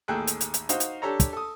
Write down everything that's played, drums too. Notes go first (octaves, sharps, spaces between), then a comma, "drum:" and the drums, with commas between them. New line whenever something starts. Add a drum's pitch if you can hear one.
A1 D#2 G#4 A4 G5 F#6
drum: hi-hat
drum: hi-hat
drum: hi-hat
D#4 F#4 C5 F5, drum: hi-hat
drum: hi-hat
D4 G4 A4 C#5 A#5
drum: kick, hi-hat
A4 D#6